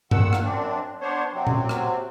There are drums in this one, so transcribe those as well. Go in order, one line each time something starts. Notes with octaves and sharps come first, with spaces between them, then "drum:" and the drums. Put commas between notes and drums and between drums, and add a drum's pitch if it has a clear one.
A#2 D#3 F#5 E6, drum: tom G2
drum: rim click
F#2 C4 D4
B3 D4 C5 C#5
C3 F#3 C4
drum: tom A#2
drum: rim click